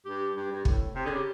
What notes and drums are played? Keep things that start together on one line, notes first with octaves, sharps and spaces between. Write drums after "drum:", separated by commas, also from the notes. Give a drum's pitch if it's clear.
G2 G4
G2
G2
A2, drum: kick
C3
D3 G#4
C#3
G4